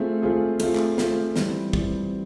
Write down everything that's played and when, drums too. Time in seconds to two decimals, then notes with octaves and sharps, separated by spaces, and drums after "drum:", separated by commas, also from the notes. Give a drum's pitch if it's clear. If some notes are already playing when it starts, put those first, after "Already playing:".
Already playing: A3 C4 F4 G#4
0.22 A3 C4 F4 G#4
0.60 A3 C4 F4 G#4, drum: cymbal
0.76 drum: clap
0.98 A3 C4 F4 G#4, drum: snare
1.36 E3 G3 C4, drum: snare
1.73 E3 G3 C4, drum: kick